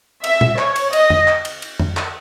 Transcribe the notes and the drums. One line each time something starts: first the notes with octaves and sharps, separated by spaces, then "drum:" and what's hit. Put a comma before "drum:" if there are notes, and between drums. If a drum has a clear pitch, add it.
E5, drum: cymbal
drum: tom
C#5, drum: clap
drum: cymbal
D#5, drum: cymbal
drum: tom
drum: clap
drum: cymbal
drum: cymbal
drum: tom
drum: clap